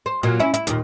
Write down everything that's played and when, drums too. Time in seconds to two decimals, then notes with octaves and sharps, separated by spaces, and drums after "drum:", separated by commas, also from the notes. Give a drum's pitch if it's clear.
0.06 C5
0.23 A#2 F#3
0.40 C#4 E4
0.54 E4, drum: hi-hat
0.67 D#2 A#2, drum: hi-hat